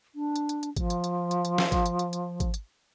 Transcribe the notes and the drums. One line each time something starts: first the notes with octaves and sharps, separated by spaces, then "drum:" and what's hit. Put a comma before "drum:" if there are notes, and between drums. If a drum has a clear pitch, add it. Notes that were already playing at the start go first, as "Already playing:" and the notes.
D4
drum: hi-hat
drum: hi-hat
drum: hi-hat
F3, drum: kick, hi-hat
drum: hi-hat
drum: hi-hat
drum: hi-hat
drum: hi-hat
drum: snare
drum: kick, hi-hat
drum: hi-hat
drum: hi-hat
drum: hi-hat
drum: kick, hi-hat
drum: hi-hat